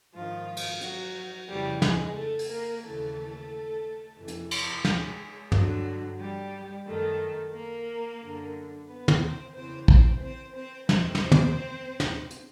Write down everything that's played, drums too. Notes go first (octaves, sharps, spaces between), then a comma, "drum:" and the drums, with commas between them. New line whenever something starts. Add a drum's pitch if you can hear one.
G#2 D#3 F3 F4
drum: cymbal
F#3 F#4, drum: hi-hat
F2 C#3 E3 G3 G4
G#3 G#4, drum: snare
A3 A4
drum: open hi-hat
A#3 A#4
D#2 C#3 E3 A3 A4
F2 C3 E3
drum: hi-hat
drum: cymbal
G#3 G#4, drum: snare
G2 D3 F#3 F#4, drum: tom
G3 G4
F#2 D#3 A3 A4
A#3 A#4
F#2 D3
B3 B4
drum: tom
C4 C5
E2 C#3 E3 C4 C5
C4 C5, drum: kick
C4 C5
C4 C5
F2 C3 D#3 C4 C5, drum: snare
drum: snare
drum: tom
drum: snare
drum: hi-hat